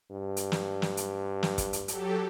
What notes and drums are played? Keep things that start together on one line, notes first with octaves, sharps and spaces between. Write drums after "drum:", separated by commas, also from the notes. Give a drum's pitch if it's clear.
G2
drum: hi-hat
drum: snare
drum: snare
drum: hi-hat
drum: snare
drum: kick, hi-hat
drum: hi-hat
F#3 G4 A4, drum: hi-hat